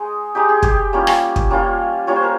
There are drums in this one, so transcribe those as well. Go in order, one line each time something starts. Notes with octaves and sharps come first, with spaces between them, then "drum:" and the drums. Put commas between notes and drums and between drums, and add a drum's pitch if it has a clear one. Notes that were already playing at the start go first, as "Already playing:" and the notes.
Already playing: G#3 D#4
G#3 D#4 G4
G#4
G4, drum: kick
G3 A#3 C#4 F4
drum: rim click
drum: kick
G3 A#3 C#4 F4
G3 A#3 C#4 F4 C#5
C5
A#4